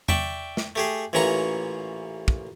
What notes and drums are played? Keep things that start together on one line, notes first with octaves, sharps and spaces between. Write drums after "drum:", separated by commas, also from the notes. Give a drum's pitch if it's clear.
D5 E5 G5 C#6, drum: tom E2
drum: snare
A3 G4 G#4
A1 A#2 E3 C#4 A#5 C#6
drum: kick